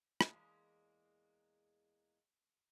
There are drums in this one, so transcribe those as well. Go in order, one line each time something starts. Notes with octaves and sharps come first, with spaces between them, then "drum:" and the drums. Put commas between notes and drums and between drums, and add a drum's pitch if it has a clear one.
E2 G#3 A#3, drum: rim click